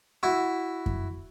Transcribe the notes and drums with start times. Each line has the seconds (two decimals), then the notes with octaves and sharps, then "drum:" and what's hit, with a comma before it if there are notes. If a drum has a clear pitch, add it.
0.23 E4 F#4
0.86 drum: kick F#2